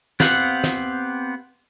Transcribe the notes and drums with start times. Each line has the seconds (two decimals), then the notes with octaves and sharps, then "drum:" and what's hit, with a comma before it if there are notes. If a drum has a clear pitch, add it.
0.20 B3 C4 G4 F5 F#5, drum: snare
0.64 drum: snare